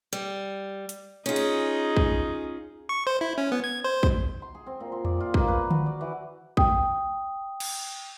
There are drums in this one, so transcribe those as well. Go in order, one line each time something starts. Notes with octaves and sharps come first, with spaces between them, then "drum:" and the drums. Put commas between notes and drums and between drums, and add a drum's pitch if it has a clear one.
G3
drum: hi-hat
C#4 D#4 F4 G#4
drum: cymbal
drum: kick
C#6
C5
E4
C#4
B3
G#6
C5
drum: kick
C6
G#4
C4
A#2
C6
D5, drum: tom E2
F4
A#3, drum: kick
B4
F#4, drum: tom D3
D5
E3
G5 D#6, drum: kick
drum: cymbal